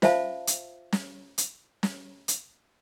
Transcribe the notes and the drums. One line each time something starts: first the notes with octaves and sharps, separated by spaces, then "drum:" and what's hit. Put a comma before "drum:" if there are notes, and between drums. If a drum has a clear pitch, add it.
F4 C5 E5 F5 A5, drum: snare
drum: hi-hat
drum: snare
drum: hi-hat
drum: snare
drum: hi-hat